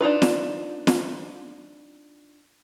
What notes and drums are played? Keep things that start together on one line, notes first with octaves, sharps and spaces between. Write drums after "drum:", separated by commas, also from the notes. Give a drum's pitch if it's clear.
D4 D#4 F4 B4
drum: snare
drum: snare